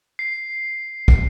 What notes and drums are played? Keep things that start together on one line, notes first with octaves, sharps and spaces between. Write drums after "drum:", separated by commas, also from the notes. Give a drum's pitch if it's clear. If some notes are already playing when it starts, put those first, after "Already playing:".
C7
drum: kick